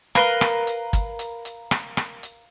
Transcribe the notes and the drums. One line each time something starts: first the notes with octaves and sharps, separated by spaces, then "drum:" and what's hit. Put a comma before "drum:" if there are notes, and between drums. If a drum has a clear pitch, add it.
A#4 B4 F5 C7 G7, drum: rim click
drum: rim click
drum: hi-hat
drum: kick, hi-hat
drum: hi-hat
drum: hi-hat
drum: rim click
drum: rim click
drum: hi-hat